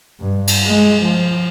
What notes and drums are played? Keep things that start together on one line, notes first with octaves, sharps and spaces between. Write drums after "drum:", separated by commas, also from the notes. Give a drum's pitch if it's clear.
G2
drum: cymbal
G#3
F3